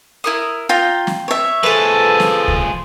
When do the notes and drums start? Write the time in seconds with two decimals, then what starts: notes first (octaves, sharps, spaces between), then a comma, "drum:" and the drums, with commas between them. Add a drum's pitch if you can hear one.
0.24 E4 A#4 D#6
0.69 F4 G5 A#5
1.07 drum: snare
1.28 C#5 E5
1.63 F3 G#4 A4 B4
2.20 drum: snare
2.48 drum: kick C#2